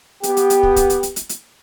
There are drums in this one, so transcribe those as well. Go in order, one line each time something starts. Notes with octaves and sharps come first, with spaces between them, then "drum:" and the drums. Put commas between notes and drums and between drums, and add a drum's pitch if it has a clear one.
B3 G4, drum: hi-hat
drum: hi-hat
drum: hi-hat
drum: kick
drum: kick, hi-hat
drum: hi-hat
drum: hi-hat
drum: hi-hat
drum: hi-hat